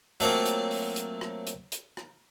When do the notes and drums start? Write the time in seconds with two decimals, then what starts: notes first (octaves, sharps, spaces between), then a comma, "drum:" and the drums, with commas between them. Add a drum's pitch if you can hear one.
0.20 F#3 A3 A#3 C4 F4, drum: hi-hat
0.45 drum: hi-hat
0.71 drum: open hi-hat
0.96 drum: hi-hat
1.21 drum: rim click
1.47 drum: hi-hat
1.72 drum: hi-hat
1.97 drum: rim click